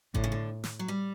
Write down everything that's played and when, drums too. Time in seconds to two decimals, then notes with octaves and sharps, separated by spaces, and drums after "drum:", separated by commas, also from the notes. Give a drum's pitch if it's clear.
0.14 A2 D3, drum: kick G#1
0.24 C#3
0.32 D3
0.64 drum: snare
0.79 F#3
0.88 G3